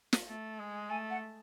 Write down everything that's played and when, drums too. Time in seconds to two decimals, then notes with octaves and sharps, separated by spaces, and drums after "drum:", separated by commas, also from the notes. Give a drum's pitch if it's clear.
0.13 drum: snare
0.28 A3
0.59 G#3
0.89 A3 G#5
1.10 F#5